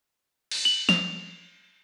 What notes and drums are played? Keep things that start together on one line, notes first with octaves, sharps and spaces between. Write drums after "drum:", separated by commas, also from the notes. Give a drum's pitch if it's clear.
drum: cymbal
F#7
F7, drum: snare